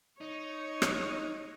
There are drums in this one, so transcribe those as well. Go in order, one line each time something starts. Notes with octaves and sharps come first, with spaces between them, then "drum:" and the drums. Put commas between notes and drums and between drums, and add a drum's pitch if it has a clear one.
D#4 C#5
drum: rim click